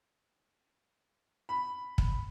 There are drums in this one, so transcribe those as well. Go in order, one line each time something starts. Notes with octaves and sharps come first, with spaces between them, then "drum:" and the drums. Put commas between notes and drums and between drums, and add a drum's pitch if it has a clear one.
B5
drum: kick